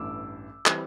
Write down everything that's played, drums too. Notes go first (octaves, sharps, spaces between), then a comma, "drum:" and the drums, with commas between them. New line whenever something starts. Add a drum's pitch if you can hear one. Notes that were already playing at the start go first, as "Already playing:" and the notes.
Already playing: A1 G2 E3 A3 D6 E6
E3 G3 C4, drum: clap